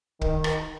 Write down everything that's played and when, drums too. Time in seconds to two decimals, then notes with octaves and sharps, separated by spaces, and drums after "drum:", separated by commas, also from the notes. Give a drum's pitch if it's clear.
0.21 D#3, drum: kick
0.44 drum: rim click